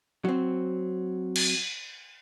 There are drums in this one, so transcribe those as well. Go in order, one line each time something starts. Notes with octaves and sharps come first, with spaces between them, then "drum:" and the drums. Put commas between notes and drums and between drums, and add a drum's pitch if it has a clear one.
F#3 C4
drum: cymbal